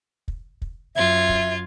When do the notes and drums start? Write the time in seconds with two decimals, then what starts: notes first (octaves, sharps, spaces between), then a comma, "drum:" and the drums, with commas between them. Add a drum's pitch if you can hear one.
0.28 drum: kick
0.62 drum: kick
0.95 F#2 F4 E5 G#6
1.29 drum: kick